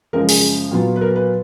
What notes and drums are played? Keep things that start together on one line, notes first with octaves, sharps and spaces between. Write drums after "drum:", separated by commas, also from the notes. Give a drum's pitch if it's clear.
F#2 C#3 F3 G#3 A#4
G#4, drum: open hi-hat
A#2 F#3 B3 F4
B4
A#4
B4